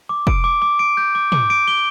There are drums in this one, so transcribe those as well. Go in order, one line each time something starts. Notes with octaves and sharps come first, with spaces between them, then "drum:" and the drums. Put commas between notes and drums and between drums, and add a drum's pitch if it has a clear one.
D6
D7, drum: kick
D6
D6
D7
G6
D6
D6, drum: tom
D7
G7